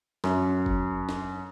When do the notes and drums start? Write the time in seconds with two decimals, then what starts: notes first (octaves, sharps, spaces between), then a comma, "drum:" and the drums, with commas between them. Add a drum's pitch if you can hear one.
0.24 F#2, drum: snare
0.66 drum: kick F#1
1.09 drum: snare